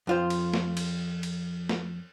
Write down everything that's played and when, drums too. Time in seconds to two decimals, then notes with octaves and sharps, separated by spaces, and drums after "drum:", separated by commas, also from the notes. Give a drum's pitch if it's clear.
0.07 F2 F4 C5
0.30 drum: cymbal
0.54 drum: snare
0.77 drum: cymbal
1.23 drum: cymbal
1.69 drum: snare